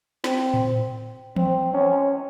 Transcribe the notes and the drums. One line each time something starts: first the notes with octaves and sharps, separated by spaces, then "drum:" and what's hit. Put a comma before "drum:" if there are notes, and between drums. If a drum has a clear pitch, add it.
C4, drum: snare
drum: tom A2
C4, drum: tom E3
C#4